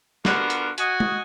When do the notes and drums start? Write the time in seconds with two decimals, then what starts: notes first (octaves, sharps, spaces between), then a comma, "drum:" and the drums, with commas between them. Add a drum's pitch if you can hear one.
0.25 D3 B3 F4 F#4 A#4, drum: snare
0.50 drum: hi-hat
0.78 F#4 D#5 G#5, drum: hi-hat
1.00 drum: tom